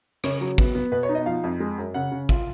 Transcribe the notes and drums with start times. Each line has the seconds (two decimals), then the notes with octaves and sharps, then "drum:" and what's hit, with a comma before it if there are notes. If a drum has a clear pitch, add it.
0.24 C#3 C#5, drum: rim click
0.41 F#3
0.58 B3, drum: kick
0.75 B3
0.92 B2 B4
1.03 C#5
1.09 D#4
1.15 D#5
1.26 F3 F5
1.44 F2
1.60 G#3
1.78 F#2
1.94 C#3 F#5
2.11 C#3
2.29 F4, drum: kick